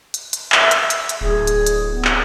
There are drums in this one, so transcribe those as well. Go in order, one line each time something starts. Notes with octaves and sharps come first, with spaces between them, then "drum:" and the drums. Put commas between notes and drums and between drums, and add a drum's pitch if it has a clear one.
drum: hi-hat
drum: hi-hat
E5, drum: clap
drum: hi-hat
drum: hi-hat
drum: hi-hat
D1 G#4
drum: hi-hat
drum: hi-hat
B3
drum: clap